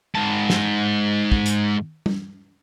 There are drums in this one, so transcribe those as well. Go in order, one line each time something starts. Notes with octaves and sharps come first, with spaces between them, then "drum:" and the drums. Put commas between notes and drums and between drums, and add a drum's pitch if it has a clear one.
G#2 A5
drum: snare
drum: kick
drum: hi-hat
drum: tom G3